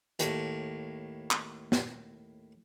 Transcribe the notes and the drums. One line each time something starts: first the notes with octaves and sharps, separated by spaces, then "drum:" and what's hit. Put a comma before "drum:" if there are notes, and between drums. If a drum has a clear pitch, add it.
D#2 A2, drum: hi-hat
drum: clap
drum: snare